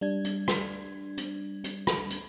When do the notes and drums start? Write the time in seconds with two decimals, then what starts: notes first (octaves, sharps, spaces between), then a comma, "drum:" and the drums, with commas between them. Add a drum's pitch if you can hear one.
0.01 G3 D4 G#6
0.25 drum: hi-hat
0.48 drum: rim click
1.18 drum: hi-hat
1.64 drum: hi-hat
1.87 drum: rim click
2.10 drum: hi-hat